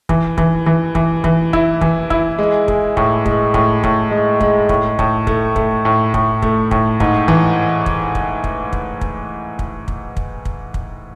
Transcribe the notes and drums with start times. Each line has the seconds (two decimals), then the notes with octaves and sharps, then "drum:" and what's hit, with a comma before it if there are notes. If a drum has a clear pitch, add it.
0.09 E3, drum: kick
0.38 E3, drum: kick
0.66 E3
0.95 E3, drum: kick
1.24 E3, drum: kick
1.53 E4, drum: kick
1.81 E3, drum: kick
2.10 E4, drum: kick
2.39 G#3
2.68 G#3, drum: kick
2.97 A2, drum: kick
3.26 G#3, drum: kick
3.54 A2, drum: kick
3.84 A2, drum: kick
4.11 G#3
4.41 G#3, drum: kick
4.69 A2, drum: kick
4.99 A2, drum: kick
5.27 A3, drum: kick
5.56 A3, drum: kick
5.85 A2
6.14 A2, drum: kick
6.42 A3, drum: kick
6.71 A2, drum: kick
7.00 G#2, drum: kick
7.28 E3, drum: kick
7.86 drum: kick
8.15 drum: kick
8.44 drum: kick
8.73 drum: kick
9.01 drum: kick
9.59 drum: kick
9.88 drum: kick
10.17 drum: kick
10.45 drum: kick
10.74 drum: kick